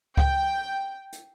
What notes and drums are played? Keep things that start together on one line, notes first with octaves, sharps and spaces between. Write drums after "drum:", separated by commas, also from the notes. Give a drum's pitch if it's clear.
G5, drum: kick C#2
drum: hi-hat